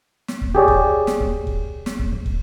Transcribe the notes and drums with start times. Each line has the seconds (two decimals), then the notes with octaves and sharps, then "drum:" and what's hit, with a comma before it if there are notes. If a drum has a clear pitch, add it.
0.28 drum: snare
0.41 drum: kick
0.55 G4 G#4 C#5 D5
0.68 drum: kick
1.07 drum: snare
1.20 drum: kick
1.47 drum: kick
1.86 drum: snare
1.99 drum: kick
2.26 drum: kick